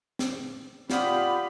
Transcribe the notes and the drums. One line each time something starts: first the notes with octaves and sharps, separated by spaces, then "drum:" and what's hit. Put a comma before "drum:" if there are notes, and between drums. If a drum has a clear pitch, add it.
drum: snare
F4 G4 D5 F#5 B5 D#6, drum: snare